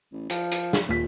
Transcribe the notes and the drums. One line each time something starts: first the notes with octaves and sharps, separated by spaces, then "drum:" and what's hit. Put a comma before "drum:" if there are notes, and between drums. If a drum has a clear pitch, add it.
A1
F3, drum: hi-hat
drum: hi-hat
drum: snare
D#1 B6